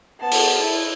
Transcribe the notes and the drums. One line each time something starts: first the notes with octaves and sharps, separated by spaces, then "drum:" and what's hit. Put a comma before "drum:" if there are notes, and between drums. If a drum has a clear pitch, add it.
B3 A5
drum: open hi-hat
E4